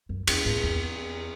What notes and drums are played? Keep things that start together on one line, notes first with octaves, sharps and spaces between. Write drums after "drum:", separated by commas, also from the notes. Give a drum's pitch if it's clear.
F#2
E2, drum: cymbal
G#2
E2